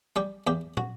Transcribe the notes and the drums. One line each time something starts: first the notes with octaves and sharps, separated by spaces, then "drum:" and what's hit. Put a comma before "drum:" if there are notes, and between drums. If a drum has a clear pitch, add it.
G3 G4
E2 G4
F#4, drum: tom